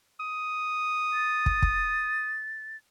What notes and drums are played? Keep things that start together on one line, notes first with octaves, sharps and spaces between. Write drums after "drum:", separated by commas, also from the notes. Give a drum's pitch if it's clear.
D#6
A6
drum: kick
drum: kick